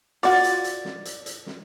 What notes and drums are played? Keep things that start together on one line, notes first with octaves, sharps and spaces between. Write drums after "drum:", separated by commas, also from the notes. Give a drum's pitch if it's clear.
F4 F#4 D5, drum: open hi-hat
drum: hi-hat
drum: hi-hat
drum: snare
drum: hi-hat
drum: hi-hat
drum: snare